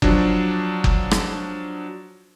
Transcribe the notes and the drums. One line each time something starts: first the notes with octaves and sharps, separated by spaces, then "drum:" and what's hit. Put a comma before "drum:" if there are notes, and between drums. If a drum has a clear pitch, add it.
F3 F#3 D4, drum: kick F#1
drum: kick F#1
drum: rim click